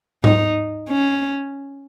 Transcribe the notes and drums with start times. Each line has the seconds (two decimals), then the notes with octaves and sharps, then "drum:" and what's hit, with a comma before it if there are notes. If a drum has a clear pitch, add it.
0.24 D#4, drum: tom G#2
0.89 C#4